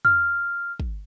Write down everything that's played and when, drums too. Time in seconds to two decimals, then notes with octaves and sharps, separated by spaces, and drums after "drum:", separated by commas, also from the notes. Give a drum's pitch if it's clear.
0.05 F6, drum: tom F2
0.80 drum: kick